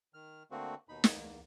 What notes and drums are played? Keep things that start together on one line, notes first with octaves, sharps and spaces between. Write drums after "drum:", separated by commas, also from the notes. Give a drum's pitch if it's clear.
D#3 F6
D3 A3 A#3 C4 F#4
D#2 B2 D#4 B5
E2 A#3, drum: snare